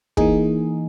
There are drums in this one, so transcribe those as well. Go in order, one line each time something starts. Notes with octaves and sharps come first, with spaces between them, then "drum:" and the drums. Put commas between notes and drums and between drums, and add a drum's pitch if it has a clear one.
E3 A#3 D#4 G#4, drum: kick